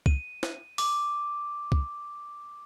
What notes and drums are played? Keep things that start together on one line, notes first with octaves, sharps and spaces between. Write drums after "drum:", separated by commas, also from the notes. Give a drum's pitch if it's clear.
D#7, drum: kick C2
drum: snare
D6, drum: open hi-hat
drum: kick C2